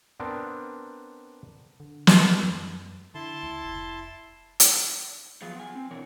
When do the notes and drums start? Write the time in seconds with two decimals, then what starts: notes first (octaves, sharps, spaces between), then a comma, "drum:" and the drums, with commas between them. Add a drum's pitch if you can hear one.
0.20 B3 C4 D4 A#4
1.80 D3
2.07 drum: snare
2.43 F#2
3.15 D3 E4 A5 C6
3.43 C#2
3.65 F1
4.60 drum: hi-hat
5.42 F3 F#3 B3 F4 G#4
5.55 B3 G#5
5.75 C4
5.91 B2 E3 D4 A#4 C#5